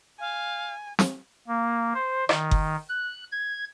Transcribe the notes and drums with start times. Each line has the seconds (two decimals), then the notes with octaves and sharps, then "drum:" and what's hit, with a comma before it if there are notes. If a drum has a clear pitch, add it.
0.20 F5 G#5
0.99 drum: snare
1.48 A#3
1.94 C5
2.29 D#3, drum: rim click
2.51 drum: kick F#1
2.89 F#6
3.32 G#6